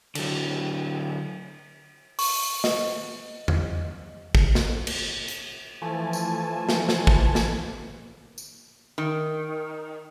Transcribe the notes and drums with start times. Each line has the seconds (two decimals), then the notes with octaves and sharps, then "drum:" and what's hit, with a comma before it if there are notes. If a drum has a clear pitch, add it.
0.15 D3 F#3, drum: cymbal
2.19 C#6, drum: open hi-hat
2.64 D#5, drum: snare
3.48 drum: tom E2
4.35 drum: kick
4.55 drum: snare
4.87 drum: cymbal
5.28 drum: hi-hat
5.81 E3 F3 A3 G#5 A5
6.13 drum: tambourine
6.69 drum: snare
6.89 drum: snare
7.07 drum: kick
7.35 drum: snare
8.38 drum: tambourine
8.98 D#3